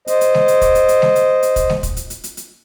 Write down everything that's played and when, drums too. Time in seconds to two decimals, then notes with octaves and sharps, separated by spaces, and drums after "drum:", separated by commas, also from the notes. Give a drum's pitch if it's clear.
0.07 C5 D#5, drum: hi-hat
0.21 drum: hi-hat
0.34 drum: snare G#3
0.48 drum: hi-hat
0.61 drum: kick, hi-hat
0.75 drum: hi-hat
0.88 drum: hi-hat
1.02 drum: snare G#3
1.16 drum: hi-hat
1.43 drum: hi-hat
1.56 drum: kick, hi-hat
1.70 drum: snare G#3
1.83 drum: kick, hi-hat
1.97 drum: hi-hat
2.10 drum: hi-hat
2.24 drum: hi-hat
2.37 drum: hi-hat